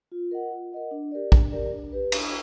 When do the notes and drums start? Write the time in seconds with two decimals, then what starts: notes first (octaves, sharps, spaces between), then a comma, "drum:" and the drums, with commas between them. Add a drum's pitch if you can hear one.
0.12 F4
0.31 A#4 D#5 F#5
0.51 F4
0.72 A#4 D#5 F#5
0.91 D4
1.12 G4 A#4 D5
1.32 D4, drum: kick
1.52 G4 A#4 D5
1.73 D4
1.92 G4 B4
2.12 D4, drum: cymbal